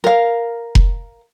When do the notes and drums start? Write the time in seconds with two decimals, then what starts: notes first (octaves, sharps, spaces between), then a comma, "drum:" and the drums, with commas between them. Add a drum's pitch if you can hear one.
0.04 A#4 F5
0.75 drum: kick F1